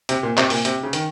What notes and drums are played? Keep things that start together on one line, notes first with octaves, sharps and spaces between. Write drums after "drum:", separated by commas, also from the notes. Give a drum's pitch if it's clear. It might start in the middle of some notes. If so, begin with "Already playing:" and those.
C3, drum: hi-hat
A#2
C3, drum: clap
A#2, drum: open hi-hat
C3, drum: hi-hat
C#3
D#3, drum: hi-hat